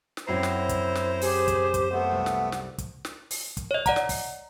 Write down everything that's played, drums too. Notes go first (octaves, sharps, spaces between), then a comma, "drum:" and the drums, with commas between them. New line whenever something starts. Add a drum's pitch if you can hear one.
drum: snare
F#2 C4 E4 C5 A#5 C7
drum: snare
drum: kick, hi-hat
drum: snare
G4 G#4, drum: open hi-hat
drum: kick, hi-hat
drum: kick, hi-hat
A3 B3 F#5
C2
drum: snare
drum: snare
drum: kick, hi-hat
drum: snare
drum: open hi-hat
drum: kick, hi-hat
C#5 D#5
D5 F#5 A#5, drum: kick, hi-hat
drum: snare
drum: kick, open hi-hat